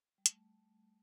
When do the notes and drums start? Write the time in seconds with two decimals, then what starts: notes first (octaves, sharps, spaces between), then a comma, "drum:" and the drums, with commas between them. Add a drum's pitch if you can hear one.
0.18 G3
0.26 A3, drum: hi-hat